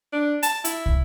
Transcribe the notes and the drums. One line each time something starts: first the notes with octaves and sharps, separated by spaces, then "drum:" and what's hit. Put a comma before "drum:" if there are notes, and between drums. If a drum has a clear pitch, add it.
D4
A5, drum: hi-hat
E4, drum: hi-hat
drum: kick